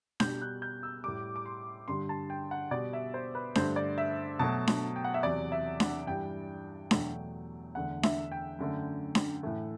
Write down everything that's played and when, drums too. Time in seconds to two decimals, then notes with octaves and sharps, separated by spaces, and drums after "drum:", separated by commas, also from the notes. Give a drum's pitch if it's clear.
0.20 B2 G3 G6, drum: snare D4
0.42 F#6
0.62 G6
0.83 E6
1.04 A2 G3 D6
1.36 D6
1.46 C6
1.88 G2 D3 G3 C6
2.09 A5
2.30 G5
2.51 F#5
2.71 B2 G3 D5
2.93 E5
3.14 C5
3.35 B4
3.55 G2 D3 A3 C5, drum: snare D4
3.76 D5
3.98 E5
4.39 B2 F#3 A3 A5
4.67 drum: snare D4
4.96 G5
5.04 F#5
5.14 E5
5.23 E2 C3 F#3 D5
5.52 E5
5.80 F#5, drum: snare D4
6.07 G2 E3 G3 G5
6.91 E2 B2 F#3 A3, drum: snare D4
7.75 E2 D3 A3 F#5
8.03 E5, drum: snare D4
8.32 G5
8.59 F#2 D3 A3
9.15 drum: snare D4
9.43 A2 E3 A3